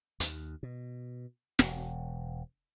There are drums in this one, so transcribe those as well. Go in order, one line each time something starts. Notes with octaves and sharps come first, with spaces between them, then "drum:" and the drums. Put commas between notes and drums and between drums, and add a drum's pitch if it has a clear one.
D#2, drum: hi-hat
B2
E1, drum: snare